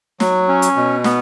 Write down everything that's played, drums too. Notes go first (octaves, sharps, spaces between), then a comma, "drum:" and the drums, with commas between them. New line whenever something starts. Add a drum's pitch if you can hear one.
F#3, drum: snare
C#4
drum: hi-hat
B2
B3, drum: snare